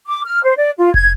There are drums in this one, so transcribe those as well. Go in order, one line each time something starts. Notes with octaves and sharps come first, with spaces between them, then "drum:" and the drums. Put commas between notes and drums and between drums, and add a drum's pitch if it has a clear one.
D6
F6
C5
D5
F4
G#6, drum: kick